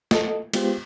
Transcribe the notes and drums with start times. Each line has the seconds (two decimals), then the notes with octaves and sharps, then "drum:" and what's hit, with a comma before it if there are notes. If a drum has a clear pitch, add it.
0.11 A4 D#5, drum: snare
0.53 G#3 B3 F4 G4 C5, drum: cymbal